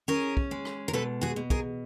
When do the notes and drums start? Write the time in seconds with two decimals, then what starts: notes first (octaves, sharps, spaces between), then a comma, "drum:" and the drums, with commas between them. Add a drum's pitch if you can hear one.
0.08 C#4 G#4 A#4
0.37 drum: kick
0.51 G#3
0.65 drum: rim click
0.88 A#4
0.93 B2 A4 B4
1.21 F#4 G#4
1.36 B2
1.50 G#4 A#4, drum: kick